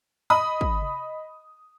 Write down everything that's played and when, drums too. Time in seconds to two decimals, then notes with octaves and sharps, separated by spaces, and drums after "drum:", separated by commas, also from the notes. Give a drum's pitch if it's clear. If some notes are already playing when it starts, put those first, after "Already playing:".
0.30 D#5 B5 D#6
0.61 drum: kick
0.82 drum: tom C3